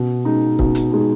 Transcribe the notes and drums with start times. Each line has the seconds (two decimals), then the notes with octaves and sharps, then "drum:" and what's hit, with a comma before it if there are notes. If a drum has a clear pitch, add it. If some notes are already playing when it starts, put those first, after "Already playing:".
Already playing: B2
0.25 G#3 D#4
0.59 B2, drum: kick
0.75 drum: hi-hat
0.92 G#3 D#4